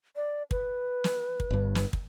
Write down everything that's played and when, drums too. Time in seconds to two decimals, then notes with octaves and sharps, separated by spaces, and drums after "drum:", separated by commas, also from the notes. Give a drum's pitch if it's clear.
0.16 D5
0.51 B4, drum: kick
1.04 drum: snare
1.40 drum: kick
1.50 G1 G2
1.75 drum: snare
1.93 drum: kick